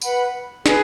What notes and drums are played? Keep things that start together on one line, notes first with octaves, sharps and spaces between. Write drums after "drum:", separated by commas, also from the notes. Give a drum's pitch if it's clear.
B4 F#5 B5, drum: tambourine
G#4 B4, drum: snare